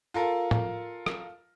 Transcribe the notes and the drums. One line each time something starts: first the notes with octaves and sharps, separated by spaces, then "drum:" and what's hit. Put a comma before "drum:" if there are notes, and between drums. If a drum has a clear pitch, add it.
F4 A4 A#4
drum: tom A2
drum: rim click